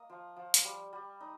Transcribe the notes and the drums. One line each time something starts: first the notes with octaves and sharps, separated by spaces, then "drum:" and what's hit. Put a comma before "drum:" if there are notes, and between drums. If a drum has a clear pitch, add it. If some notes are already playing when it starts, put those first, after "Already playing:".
Already playing: A#3 D#5
F3
F3
drum: hi-hat
G3
G3
D#4